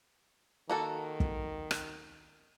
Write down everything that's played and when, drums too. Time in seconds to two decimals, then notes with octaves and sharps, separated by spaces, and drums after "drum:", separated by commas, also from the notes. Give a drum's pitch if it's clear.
0.69 D#3 A#3 F#4 A4
1.20 drum: kick
1.71 drum: rim click